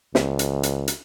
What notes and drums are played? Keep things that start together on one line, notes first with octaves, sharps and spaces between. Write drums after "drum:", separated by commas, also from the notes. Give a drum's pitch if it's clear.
C#2, drum: snare
drum: hi-hat
drum: hi-hat
drum: hi-hat